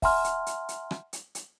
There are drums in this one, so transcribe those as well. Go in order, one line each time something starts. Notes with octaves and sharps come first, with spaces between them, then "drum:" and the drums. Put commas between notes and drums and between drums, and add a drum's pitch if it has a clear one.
E5 F#5 G#5 A#5 C6 F6, drum: kick, open hi-hat
drum: hi-hat
drum: hi-hat
drum: hi-hat
drum: rim click
drum: hi-hat
drum: hi-hat